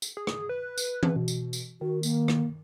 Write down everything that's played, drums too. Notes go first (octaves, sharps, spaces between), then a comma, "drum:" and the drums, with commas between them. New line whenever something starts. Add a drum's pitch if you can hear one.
drum: tambourine
G#4
drum: rim click
B4
drum: tambourine
drum: tom E3
B2
drum: tambourine
drum: tambourine
D#3 F#4
A#3, drum: tambourine
drum: rim click